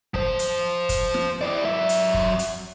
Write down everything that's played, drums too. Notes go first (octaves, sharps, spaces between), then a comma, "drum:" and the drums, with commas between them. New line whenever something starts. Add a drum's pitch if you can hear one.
F3 C5, drum: kick
drum: hi-hat
drum: kick, hi-hat
drum: snare
E4 D5
F#3 E5
drum: hi-hat
drum: kick
drum: hi-hat